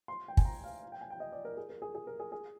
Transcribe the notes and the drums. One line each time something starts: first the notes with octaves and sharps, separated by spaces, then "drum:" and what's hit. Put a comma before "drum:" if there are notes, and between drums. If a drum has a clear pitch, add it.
C6
G5
G#5, drum: kick
A#5
F5
F5
G5
G#5
G5
D#5
D5
A#4
G#4
A#4
G#4
G#4
A#4
G#4
G#4